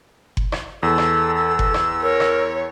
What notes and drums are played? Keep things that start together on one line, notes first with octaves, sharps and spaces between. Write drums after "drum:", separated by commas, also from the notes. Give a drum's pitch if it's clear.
drum: kick F#1
drum: rim click
E2 A4 E6
drum: rim click
E6
drum: kick F#1
drum: rim click
A#4 C#5
drum: rim click